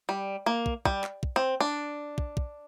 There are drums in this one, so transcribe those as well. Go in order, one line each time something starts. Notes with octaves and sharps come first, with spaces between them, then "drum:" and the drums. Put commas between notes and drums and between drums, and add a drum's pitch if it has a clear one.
G3
A#3
drum: kick
G3, drum: kick
drum: clap
drum: kick
C4
D4
drum: kick
drum: kick